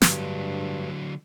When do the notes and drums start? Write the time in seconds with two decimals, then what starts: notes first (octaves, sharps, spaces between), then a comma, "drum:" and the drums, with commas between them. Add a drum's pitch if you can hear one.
0.02 G2 D3 F#3, drum: snare